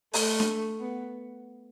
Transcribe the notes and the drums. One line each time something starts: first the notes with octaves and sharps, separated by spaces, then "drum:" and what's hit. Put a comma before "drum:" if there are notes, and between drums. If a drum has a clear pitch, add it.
A3, drum: open hi-hat
drum: snare D4
B3